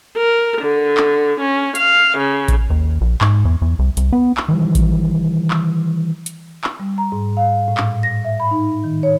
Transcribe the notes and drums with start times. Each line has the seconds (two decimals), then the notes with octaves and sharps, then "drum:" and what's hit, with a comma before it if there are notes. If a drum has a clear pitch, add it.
0.15 A#4
0.60 D3
0.97 drum: clap
1.40 C#4
1.75 F5, drum: hi-hat
2.17 C#3
2.48 drum: kick A1, hi-hat
2.70 D#2
3.01 A#1
3.21 G#2, drum: clap
3.45 E2
3.62 E2
3.79 C2
3.97 C2, drum: hi-hat
4.13 B3
4.37 drum: clap
4.48 D#3 E3 G3
4.75 drum: kick A1, hi-hat
5.51 drum: clap
6.26 drum: hi-hat
6.64 drum: clap
6.80 G3
6.98 A#5
7.12 G#2
7.37 F5
7.68 A2
7.77 drum: clap
8.03 A#6
8.25 E5
8.40 B5
8.51 D#4
8.84 D#3
9.03 C#5